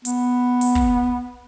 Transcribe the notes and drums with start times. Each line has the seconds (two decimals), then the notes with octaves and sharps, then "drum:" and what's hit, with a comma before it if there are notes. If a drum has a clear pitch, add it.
0.05 B3, drum: hi-hat
0.61 drum: open hi-hat
0.75 drum: kick